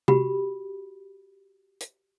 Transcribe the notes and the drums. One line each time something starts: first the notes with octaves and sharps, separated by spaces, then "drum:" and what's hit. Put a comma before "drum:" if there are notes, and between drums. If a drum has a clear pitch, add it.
F#4 G4 B5, drum: tom C3
drum: hi-hat